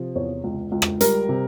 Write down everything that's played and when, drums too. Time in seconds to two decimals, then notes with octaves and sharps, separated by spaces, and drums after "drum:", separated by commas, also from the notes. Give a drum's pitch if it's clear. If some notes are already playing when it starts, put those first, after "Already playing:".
Already playing: C3 F3
0.15 E2 C#5
0.44 C#2
0.72 C#2
0.82 drum: rim click
1.01 G3 A#4, drum: hi-hat
1.29 C3